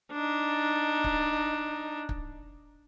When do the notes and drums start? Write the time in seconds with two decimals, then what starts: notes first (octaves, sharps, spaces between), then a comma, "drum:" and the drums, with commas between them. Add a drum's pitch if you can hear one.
0.13 D4 D#4
1.04 drum: kick
2.09 drum: kick